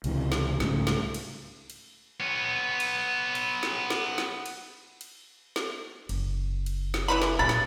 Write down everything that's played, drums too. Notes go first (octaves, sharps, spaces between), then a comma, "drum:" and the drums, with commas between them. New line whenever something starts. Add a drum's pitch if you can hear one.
C#2 C3 E3, drum: cymbal
drum: snare
C2 G#2 C#3 A3, drum: snare
drum: snare
drum: cymbal
drum: cymbal
B3 C#5
drum: cymbal
drum: cymbal
drum: snare
drum: snare
drum: snare
drum: cymbal
drum: cymbal
drum: snare
F#1, drum: cymbal
drum: cymbal
drum: snare
E3 B4 B5
drum: snare
A#2 B5 A6
drum: snare